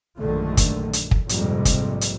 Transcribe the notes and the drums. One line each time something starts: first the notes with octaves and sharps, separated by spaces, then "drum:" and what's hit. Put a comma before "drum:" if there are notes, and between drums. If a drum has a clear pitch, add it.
A#1 F#2 D3 D#3 G#3 A3
drum: kick, hi-hat
drum: hi-hat
drum: kick
A#1 F2 G#2 C3 G3, drum: hi-hat
drum: kick, hi-hat
drum: hi-hat